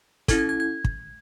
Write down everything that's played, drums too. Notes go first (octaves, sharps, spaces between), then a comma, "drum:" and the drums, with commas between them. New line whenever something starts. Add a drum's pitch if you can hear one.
C#4 E4 A4 G#6, drum: kick, hi-hat
G#6
G#6
G#6
drum: kick